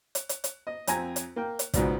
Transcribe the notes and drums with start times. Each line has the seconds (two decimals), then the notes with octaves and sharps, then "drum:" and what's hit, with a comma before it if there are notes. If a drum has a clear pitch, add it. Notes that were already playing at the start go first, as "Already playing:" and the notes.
0.15 drum: hi-hat
0.29 drum: hi-hat
0.44 drum: hi-hat
0.67 D#5
0.87 F2 C4 G#5 A#5, drum: hi-hat
1.16 drum: hi-hat
1.36 A#3 G5
1.59 drum: hi-hat
1.74 C#2 G#2 B2 D5, drum: kick, hi-hat